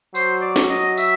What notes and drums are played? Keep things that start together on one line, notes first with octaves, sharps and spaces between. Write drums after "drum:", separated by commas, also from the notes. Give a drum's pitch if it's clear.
F#3 C5, drum: tambourine
D5
drum: snare
D#5
E5, drum: tambourine